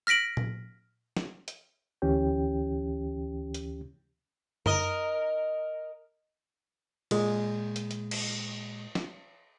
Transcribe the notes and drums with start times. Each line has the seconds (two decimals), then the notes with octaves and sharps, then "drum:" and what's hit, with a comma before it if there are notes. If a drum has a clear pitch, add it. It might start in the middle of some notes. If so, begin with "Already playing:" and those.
0.07 F6 A#6 B6 D7 F#7
0.37 drum: tom A#2
1.17 drum: snare
1.48 drum: hi-hat
2.02 D2 E3 C#4 G4 G5
3.54 drum: hi-hat
4.66 A#4 D#5, drum: tom F#2
7.11 A#2 G#3, drum: cymbal
7.76 drum: hi-hat
7.91 drum: hi-hat
8.11 drum: cymbal
8.95 drum: snare